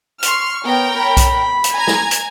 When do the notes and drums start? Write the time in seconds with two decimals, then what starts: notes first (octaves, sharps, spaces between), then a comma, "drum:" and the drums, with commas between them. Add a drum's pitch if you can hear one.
0.23 C6 C#6 F6, drum: hi-hat
0.65 B3 A#4 C#5 G5
0.96 B5
1.17 drum: kick B1, hi-hat
1.64 drum: hi-hat
1.74 G#5 A#5 G#6
1.87 drum: snare
2.11 drum: hi-hat